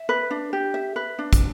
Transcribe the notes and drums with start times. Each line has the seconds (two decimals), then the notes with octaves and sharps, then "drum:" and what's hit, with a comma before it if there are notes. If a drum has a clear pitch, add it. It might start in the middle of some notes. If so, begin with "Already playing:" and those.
Already playing: E5
0.09 B4
0.31 D4
0.53 G4
0.74 E5
0.96 B4
1.19 D4
1.33 drum: kick, hi-hat